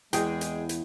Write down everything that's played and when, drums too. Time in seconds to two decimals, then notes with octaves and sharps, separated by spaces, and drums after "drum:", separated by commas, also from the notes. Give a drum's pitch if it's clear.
0.13 E2 G#3 G#4 G5, drum: hi-hat
0.41 drum: hi-hat
0.69 drum: hi-hat